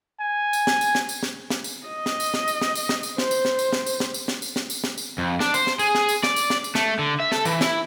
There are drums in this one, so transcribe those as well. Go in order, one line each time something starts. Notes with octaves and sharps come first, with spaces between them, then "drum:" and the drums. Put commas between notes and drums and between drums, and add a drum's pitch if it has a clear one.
G#5
drum: tambourine
drum: snare
drum: tambourine
drum: snare
drum: tambourine
drum: snare
drum: snare
drum: tambourine
D#5
drum: snare
drum: tambourine
drum: snare
drum: tambourine
drum: snare
drum: tambourine
drum: snare
drum: tambourine
C5, drum: snare
drum: tambourine
drum: snare
drum: tambourine
drum: snare
drum: tambourine
drum: snare
drum: tambourine
drum: snare
drum: tambourine
drum: snare
drum: tambourine
drum: snare
drum: tambourine
F2
D4, drum: snare
C5, drum: tambourine
drum: snare
G#4, drum: tambourine
drum: snare
drum: tambourine
D5, drum: snare
drum: tambourine
drum: snare
drum: tambourine
A3, drum: snare
D3
E5
A4, drum: snare
E3, drum: tambourine
E4, drum: snare